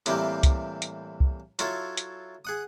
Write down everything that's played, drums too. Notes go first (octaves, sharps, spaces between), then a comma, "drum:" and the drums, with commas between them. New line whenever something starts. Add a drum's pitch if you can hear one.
A2 C3 E3 G3 A#3 G4, drum: hi-hat
drum: kick, hi-hat
drum: hi-hat
drum: kick
F#3 E4 F4 A4 C#5, drum: hi-hat
drum: hi-hat
G#4 F#5 D#6